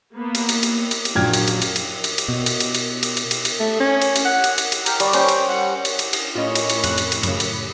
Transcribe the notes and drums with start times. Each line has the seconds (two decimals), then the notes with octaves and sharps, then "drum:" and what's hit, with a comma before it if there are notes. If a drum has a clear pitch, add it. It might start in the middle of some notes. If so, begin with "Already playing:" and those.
0.13 A#3 B3
0.35 drum: cymbal
0.49 drum: cymbal
0.63 drum: cymbal
0.91 drum: cymbal
1.05 drum: cymbal
1.15 A#1 F#2 D4 G5 F6 G#6
1.33 drum: cymbal
1.48 drum: cymbal
1.62 drum: cymbal
1.76 drum: cymbal
2.04 drum: cymbal
2.18 drum: cymbal
2.28 B2
2.46 drum: cymbal
2.60 drum: cymbal
2.75 drum: cymbal
3.03 drum: cymbal
3.17 drum: cymbal
3.31 drum: cymbal
3.45 drum: cymbal
3.60 A3
3.80 C#4
4.02 drum: cymbal
4.16 drum: cymbal
4.25 F#5
4.44 drum: cymbal
4.58 drum: cymbal
4.72 drum: cymbal
4.86 G4 A#4, drum: cymbal
5.00 G3 D5 C#6, drum: cymbal
5.13 C#4 C5 G5 C#6, drum: cymbal
5.28 drum: cymbal
5.48 G3 F#5
5.85 drum: cymbal
5.99 drum: cymbal
6.13 drum: cymbal
6.35 A2 C#4 F4 D#5 B5 C#7
6.55 drum: cymbal
6.70 drum: cymbal
6.84 F2 F#6, drum: cymbal
6.98 drum: cymbal
7.12 drum: cymbal
7.23 F#2 C#3, drum: cymbal
7.40 drum: cymbal